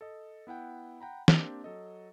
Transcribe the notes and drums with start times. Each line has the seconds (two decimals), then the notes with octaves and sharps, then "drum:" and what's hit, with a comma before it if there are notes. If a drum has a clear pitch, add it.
0.01 A4 D#5
0.47 B3 E4 F#5 G5
1.00 F#5 G5 A#5 B5
1.28 A#3 C4 D4 G4 C5, drum: snare
1.64 F#3 A4 D#5